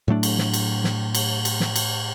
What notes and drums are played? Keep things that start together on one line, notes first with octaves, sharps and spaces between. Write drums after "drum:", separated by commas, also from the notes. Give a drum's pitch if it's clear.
A2 F#3 A3 D4
drum: cymbal
drum: snare
drum: cymbal
drum: snare
drum: cymbal
drum: cymbal
drum: snare
drum: cymbal